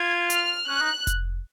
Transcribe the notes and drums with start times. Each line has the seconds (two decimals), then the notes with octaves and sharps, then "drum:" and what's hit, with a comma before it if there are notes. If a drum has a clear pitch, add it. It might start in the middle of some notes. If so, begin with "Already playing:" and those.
Already playing: F4 G#6
0.30 F6, drum: hi-hat
0.68 C#4 F#6
0.81 D#4
1.07 drum: kick F1, hi-hat